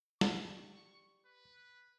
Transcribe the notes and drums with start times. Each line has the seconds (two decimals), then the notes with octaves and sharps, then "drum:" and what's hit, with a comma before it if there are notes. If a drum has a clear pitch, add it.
0.21 G4 D5 G5 C#6, drum: snare
1.25 B4